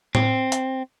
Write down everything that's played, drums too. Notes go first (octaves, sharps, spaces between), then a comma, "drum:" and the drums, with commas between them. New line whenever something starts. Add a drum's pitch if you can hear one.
C4, drum: tom A2
drum: hi-hat